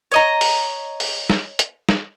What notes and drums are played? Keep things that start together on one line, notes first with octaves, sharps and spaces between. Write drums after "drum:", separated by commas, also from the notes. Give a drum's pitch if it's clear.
C#5 D#5 A#5
drum: open hi-hat
drum: open hi-hat
drum: snare
drum: hi-hat
drum: snare